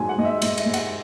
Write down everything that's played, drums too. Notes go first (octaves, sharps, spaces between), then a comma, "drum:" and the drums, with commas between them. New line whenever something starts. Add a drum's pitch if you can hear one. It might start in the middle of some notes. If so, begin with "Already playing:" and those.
Already playing: G#2 D#3 F#3 G#5
F#5
G#2 D#5
E5
G#2 D#5, drum: cymbal
E5, drum: cymbal
G#2
F#5, drum: cymbal